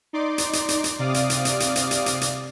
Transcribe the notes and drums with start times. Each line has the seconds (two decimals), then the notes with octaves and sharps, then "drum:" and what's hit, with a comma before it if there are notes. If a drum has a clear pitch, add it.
0.13 D#4 D5 C6 D6
0.38 drum: hi-hat
0.53 drum: hi-hat
0.69 drum: hi-hat
0.84 drum: hi-hat
0.99 C3 D5 F5 D6 D#6
1.14 drum: hi-hat
1.30 drum: hi-hat
1.45 drum: hi-hat
1.60 drum: hi-hat
1.76 drum: hi-hat
1.91 drum: hi-hat
2.06 drum: hi-hat
2.21 drum: hi-hat